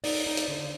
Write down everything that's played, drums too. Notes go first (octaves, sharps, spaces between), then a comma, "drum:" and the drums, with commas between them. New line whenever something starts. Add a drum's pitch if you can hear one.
D#4 D5, drum: open hi-hat
D#4
drum: hi-hat
D3